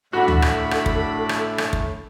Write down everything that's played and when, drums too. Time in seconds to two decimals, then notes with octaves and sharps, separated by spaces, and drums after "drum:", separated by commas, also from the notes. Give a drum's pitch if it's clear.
0.13 A2 A3 D4 F#4 A4 F#5 B5
0.28 drum: tom D2
0.42 drum: rim click
0.71 drum: rim click
0.86 drum: kick
1.29 drum: rim click
1.58 drum: rim click
1.73 drum: kick